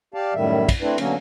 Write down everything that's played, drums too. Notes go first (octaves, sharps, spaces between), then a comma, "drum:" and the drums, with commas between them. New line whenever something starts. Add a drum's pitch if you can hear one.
G4 D5 F5 A5
F#2 A2 D#3 G3 E5
drum: kick, cymbal
A3 C4 D4 E4 B4
B2 D3 F#3 A#3 C#4, drum: cymbal